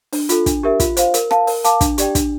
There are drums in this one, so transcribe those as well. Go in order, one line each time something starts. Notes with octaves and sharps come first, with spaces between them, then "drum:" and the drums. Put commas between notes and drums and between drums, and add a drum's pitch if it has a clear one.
D4, drum: open hi-hat
F4 A4, drum: hi-hat
D4, drum: kick, hi-hat
G4 A#4 E5
F4, drum: kick, hi-hat
C5 F5, drum: hi-hat
A#4, drum: hi-hat
F5 A5, drum: rim click
A#4, drum: open hi-hat
F5 A5 D6, drum: hi-hat
D4, drum: kick, hi-hat
G4 D5 G5, drum: hi-hat
D4, drum: kick, hi-hat